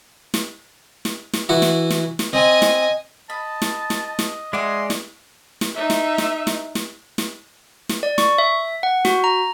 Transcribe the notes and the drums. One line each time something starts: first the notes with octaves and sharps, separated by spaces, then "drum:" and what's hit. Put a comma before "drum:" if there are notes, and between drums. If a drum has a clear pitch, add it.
drum: snare
drum: snare
drum: snare
E3 E4 F#4
drum: snare
drum: snare
drum: snare
C4 D#5 G#5
drum: snare
D#5 A5 B5
drum: snare
drum: snare
drum: snare
G#3 E4 F#4 D5 G#5 C6
drum: snare
drum: snare
D#4 E5
drum: snare
drum: snare
drum: snare
drum: snare
drum: snare
drum: snare
D5
C#6, drum: snare
E5
F#5
F#4, drum: snare
A#5